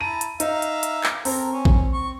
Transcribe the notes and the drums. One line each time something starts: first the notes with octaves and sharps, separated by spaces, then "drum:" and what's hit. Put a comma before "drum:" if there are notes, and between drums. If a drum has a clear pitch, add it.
E4 A5 A#5 D#7
drum: hi-hat
D#4 E5 F5 A#5, drum: hi-hat
drum: hi-hat
drum: hi-hat
drum: clap
C4 A4 A#4 A#5, drum: open hi-hat
C#4
drum: kick A#1
C#6